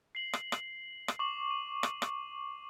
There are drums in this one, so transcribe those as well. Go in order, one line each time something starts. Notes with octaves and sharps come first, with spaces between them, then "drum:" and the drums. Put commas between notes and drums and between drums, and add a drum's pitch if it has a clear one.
C7 F#7
drum: rim click
drum: rim click
drum: rim click
C#6 D6 F#7
D#7
drum: rim click
drum: rim click